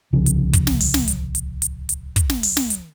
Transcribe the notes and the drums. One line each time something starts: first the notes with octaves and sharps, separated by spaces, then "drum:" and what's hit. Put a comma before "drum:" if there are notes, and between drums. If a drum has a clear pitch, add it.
D1 C2 C#3 F3
drum: hi-hat
drum: kick, hi-hat
drum: snare
drum: open hi-hat
drum: snare
drum: hi-hat
drum: hi-hat
drum: hi-hat
drum: hi-hat
drum: kick, hi-hat
drum: snare
drum: open hi-hat
drum: snare
drum: hi-hat